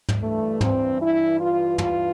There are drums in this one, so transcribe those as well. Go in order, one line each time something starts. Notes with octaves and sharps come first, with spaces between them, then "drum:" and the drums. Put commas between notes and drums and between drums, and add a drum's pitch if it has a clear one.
drum: tom
G2 E3 A3
C4, drum: tom
E4
F4
F4, drum: tom